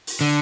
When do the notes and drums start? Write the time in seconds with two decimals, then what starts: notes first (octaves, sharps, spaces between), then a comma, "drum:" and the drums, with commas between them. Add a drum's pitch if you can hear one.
0.07 drum: open hi-hat
0.21 D3